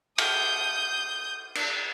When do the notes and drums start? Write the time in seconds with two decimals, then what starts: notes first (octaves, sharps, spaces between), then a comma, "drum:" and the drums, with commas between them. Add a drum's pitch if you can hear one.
0.18 D#6 G6, drum: cymbal
1.55 drum: cymbal